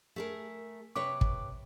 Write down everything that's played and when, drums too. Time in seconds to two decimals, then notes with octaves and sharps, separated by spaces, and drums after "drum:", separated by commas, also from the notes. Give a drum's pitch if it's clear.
0.16 A3 G#4 A#4
0.96 C3 B4 C#5 D6
1.21 drum: kick